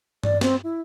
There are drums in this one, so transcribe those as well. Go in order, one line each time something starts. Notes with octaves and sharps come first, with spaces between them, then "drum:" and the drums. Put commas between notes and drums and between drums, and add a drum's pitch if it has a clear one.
D5, drum: tom G2
C4, drum: snare
E4